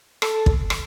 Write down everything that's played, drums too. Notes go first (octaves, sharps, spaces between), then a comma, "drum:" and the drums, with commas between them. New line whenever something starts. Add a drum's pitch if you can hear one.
A4, drum: rim click
drum: kick
drum: rim click